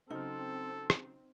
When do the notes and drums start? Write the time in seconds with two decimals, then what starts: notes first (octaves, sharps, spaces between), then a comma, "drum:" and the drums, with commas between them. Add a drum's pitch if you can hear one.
0.10 C#3 F#3 C4 D#4 A4 F6
0.90 drum: rim click